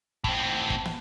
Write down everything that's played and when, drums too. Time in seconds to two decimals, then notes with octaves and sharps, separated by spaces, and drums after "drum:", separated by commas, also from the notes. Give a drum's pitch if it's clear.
0.24 A2 C4, drum: kick
0.70 drum: kick
0.85 drum: snare